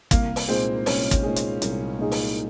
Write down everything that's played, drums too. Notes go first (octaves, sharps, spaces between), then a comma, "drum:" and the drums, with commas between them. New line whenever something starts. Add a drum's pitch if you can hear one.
C2 A#3, drum: kick, hi-hat
drum: open hi-hat
A#2 G#3 C4 D#4 G#4
C2 C#4, drum: open hi-hat
drum: kick, hi-hat
A#2 G#3 D#4 G#4
drum: hi-hat
C2, drum: hi-hat
A#2 G#3 D#4 G#4
drum: open hi-hat